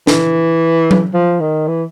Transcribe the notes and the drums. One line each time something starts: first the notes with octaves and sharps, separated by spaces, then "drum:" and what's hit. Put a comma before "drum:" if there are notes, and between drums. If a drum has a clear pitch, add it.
E3, drum: snare
drum: tom F#3
F3
D#3
E3